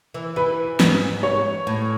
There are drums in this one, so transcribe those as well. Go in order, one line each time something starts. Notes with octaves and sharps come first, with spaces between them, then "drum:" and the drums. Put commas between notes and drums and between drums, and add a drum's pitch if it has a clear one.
E3
E3 B4
G#2, drum: snare
C#5
A2